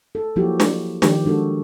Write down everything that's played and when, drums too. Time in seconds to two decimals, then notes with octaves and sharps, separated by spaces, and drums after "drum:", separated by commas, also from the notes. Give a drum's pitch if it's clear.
0.15 A4
0.36 F3 F#3 A#3 E4 F#4 G4
0.60 drum: snare
1.02 D#3 F3 G4, drum: snare
1.25 G#3 D4 F#4 A4